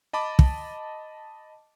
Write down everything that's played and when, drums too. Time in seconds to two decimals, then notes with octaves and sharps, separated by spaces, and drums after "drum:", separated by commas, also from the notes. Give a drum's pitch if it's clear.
0.13 D#5 A5 B5 D6
0.39 drum: kick